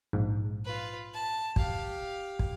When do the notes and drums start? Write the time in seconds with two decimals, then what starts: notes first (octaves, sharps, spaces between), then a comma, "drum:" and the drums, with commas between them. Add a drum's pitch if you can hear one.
0.13 A#1 G#2
0.65 F4 B4
1.14 A5
1.56 G4 F5, drum: kick
2.39 drum: kick